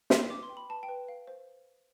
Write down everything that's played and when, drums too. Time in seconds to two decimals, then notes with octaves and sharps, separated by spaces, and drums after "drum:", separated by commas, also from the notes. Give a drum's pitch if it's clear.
0.10 C5 C6, drum: snare
0.30 B4 D6
0.43 C6
0.49 G5
0.57 B5
0.69 B4 A5
0.83 G5
0.89 B4
1.08 F5
1.27 C5